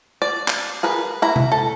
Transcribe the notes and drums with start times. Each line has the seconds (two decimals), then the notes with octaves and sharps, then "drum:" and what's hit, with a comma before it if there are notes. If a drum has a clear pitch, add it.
0.22 D5
0.48 drum: clap
0.83 G#4 A#4 B4
1.22 E4 A#5
1.36 drum: tom
1.52 A4